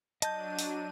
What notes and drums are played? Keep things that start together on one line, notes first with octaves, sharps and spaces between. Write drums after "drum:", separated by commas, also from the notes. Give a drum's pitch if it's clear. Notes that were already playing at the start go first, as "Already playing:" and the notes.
F#3 D4 D#5 A5 G6 D#7, drum: hi-hat
drum: open hi-hat